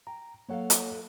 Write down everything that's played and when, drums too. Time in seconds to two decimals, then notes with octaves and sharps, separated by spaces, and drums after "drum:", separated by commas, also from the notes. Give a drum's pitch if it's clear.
0.07 G5 A#5
0.49 F#3 A#3 A4 C#5 F5 F#5
0.70 drum: hi-hat